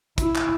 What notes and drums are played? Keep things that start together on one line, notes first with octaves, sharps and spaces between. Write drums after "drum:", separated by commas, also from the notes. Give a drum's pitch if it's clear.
E4, drum: kick, hi-hat
drum: clap